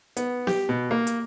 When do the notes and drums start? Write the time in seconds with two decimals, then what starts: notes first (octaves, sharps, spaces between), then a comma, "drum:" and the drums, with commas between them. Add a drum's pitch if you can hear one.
0.17 B3, drum: hi-hat
0.47 G4, drum: snare B3
0.69 B2
0.91 A#3
1.07 drum: hi-hat